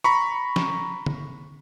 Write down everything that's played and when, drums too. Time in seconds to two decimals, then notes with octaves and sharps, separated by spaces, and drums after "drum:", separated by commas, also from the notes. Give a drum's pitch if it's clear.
0.04 A#5 B5 C#6
0.56 drum: snare
1.06 drum: tom D3